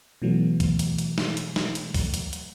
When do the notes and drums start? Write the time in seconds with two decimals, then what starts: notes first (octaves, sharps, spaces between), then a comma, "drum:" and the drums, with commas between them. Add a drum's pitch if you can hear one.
0.22 B2 E3 F#3 A3
0.60 drum: kick, hi-hat
0.79 drum: hi-hat
0.98 drum: hi-hat
1.18 drum: snare
1.37 drum: hi-hat
1.56 drum: snare
1.75 drum: hi-hat
1.94 drum: kick, open hi-hat
2.14 drum: hi-hat
2.33 drum: hi-hat